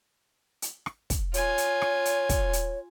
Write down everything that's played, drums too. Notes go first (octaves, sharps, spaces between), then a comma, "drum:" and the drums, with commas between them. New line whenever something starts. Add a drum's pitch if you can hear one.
drum: hi-hat
drum: rim click
drum: kick, hi-hat
F4 C#5 G#5, drum: hi-hat
drum: hi-hat
drum: rim click
drum: hi-hat
drum: kick, hi-hat
drum: hi-hat